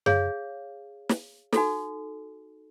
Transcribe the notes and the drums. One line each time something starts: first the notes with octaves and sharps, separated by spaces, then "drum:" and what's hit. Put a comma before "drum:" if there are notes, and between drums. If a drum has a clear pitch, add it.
G#4 C#5 F5, drum: tom F#2
drum: snare
D#4 F#4 A4, drum: snare